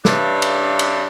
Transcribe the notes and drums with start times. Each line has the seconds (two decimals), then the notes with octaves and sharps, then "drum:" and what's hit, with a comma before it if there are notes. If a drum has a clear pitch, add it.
0.05 G2 C#3 E3 D4, drum: snare
0.42 drum: cymbal
0.79 drum: cymbal